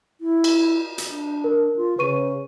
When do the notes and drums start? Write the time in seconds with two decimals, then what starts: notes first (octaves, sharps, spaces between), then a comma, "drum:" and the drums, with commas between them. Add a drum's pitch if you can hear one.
0.21 E4
0.44 drum: cymbal
0.98 drum: hi-hat
1.09 D4
1.44 A#4
1.76 F4
1.99 C#3 B4 C#6 D#7